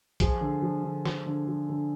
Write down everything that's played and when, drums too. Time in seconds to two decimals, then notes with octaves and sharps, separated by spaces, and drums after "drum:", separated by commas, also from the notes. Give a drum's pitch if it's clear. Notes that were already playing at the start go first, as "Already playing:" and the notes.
0.20 F3 G#4, drum: kick B1, hi-hat
0.41 D3
0.62 F3
0.84 D3
1.06 F3, drum: snare
1.26 D3
1.48 F3
1.69 D3